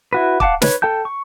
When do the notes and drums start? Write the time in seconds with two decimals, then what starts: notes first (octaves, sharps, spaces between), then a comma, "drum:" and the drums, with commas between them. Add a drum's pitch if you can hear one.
0.13 E4 F#4 B4
0.40 F5 F#5 A5 D6, drum: kick
0.62 B4 C#5, drum: snare
0.82 A4 G5 A5 G6
1.05 C#6